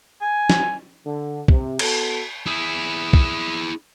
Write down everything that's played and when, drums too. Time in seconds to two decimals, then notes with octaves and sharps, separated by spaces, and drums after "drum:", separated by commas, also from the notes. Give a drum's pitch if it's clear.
0.21 G#5
0.50 drum: snare
1.05 D3
1.48 C3, drum: kick
1.79 B3 F#4 A4, drum: cymbal
2.46 E4 G#4
3.13 drum: kick